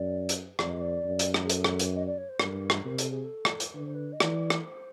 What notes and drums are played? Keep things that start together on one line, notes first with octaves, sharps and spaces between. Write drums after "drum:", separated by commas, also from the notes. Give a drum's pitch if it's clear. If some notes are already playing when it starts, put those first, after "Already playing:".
Already playing: F#2 D5
drum: hi-hat
F2 D5, drum: rim click
D#5
D5
F#2
drum: hi-hat
drum: rim click
G#4
A4, drum: hi-hat
drum: rim click
drum: hi-hat
D#5
D5
C#5
C5
G2 A#4, drum: rim click
drum: rim click
C3 A#4
A4, drum: hi-hat
G#4
A4
drum: rim click
drum: hi-hat
D3 B4
C5
B4
D#5
E3 D5, drum: rim click
drum: rim click
C5